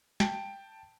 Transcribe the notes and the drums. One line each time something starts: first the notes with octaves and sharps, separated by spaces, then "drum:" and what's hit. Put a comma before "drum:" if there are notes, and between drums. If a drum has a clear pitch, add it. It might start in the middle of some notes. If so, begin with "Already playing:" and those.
G5 A5 D7, drum: snare